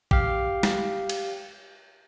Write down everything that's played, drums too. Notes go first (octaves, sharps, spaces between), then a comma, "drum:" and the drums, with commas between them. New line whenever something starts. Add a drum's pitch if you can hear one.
G4 F5, drum: kick A1
drum: snare
drum: cymbal